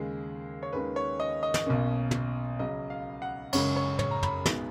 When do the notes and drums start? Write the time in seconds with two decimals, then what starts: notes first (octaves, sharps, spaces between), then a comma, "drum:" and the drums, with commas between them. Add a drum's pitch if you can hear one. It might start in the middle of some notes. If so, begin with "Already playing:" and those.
Already playing: D#2 C#3 G#3
0.63 C#5
0.73 D#2 D#3 G#3 C#4 B4
0.96 C#5
1.20 D#5
1.43 D#5
1.54 drum: snare
1.66 B1 B2 A#3 C#4
2.11 drum: tom
2.59 C#2 C#3 F#3 D#5
2.90 F5
3.22 F#5
3.53 F#1 F#2 C#3 G#3 C#5, drum: cymbal
3.76 C#5
3.99 C#5, drum: tom
4.11 A#5
4.23 B5, drum: tom
4.46 B1 B2 G#3 B3 D#4, drum: snare